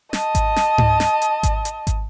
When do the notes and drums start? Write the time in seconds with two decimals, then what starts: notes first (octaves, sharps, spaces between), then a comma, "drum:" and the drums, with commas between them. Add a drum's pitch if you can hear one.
0.13 D#5 A5, drum: snare
0.35 drum: kick G#1, hi-hat
0.56 drum: snare
0.78 drum: tom G#2
1.00 drum: snare
1.22 drum: hi-hat
1.43 drum: kick G#1, hi-hat
1.65 drum: hi-hat
1.87 drum: kick G#1, hi-hat